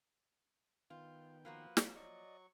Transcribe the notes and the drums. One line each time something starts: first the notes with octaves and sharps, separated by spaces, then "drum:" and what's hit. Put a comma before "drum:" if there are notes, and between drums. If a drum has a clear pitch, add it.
D#3 B3 F4 G5
F3 A#3 F#4 B4
drum: snare
F#3 D5 D#5 C#6